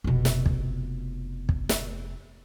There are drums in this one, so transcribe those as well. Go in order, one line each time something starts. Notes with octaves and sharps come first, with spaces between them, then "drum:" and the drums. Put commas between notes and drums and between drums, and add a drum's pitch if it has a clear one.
F1 B2
drum: snare
drum: kick
drum: kick
drum: snare